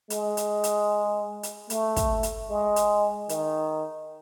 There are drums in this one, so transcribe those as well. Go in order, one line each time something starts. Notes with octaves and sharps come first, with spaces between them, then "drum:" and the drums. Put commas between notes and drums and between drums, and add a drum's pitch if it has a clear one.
G#3, drum: hi-hat
drum: hi-hat
drum: hi-hat
drum: hi-hat
A3, drum: hi-hat
drum: kick, hi-hat
drum: hi-hat
G#3
drum: hi-hat
D#3, drum: hi-hat